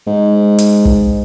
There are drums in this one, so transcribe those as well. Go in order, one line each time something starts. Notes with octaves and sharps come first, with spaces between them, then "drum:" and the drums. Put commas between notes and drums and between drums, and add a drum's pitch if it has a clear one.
G#2
drum: hi-hat
drum: kick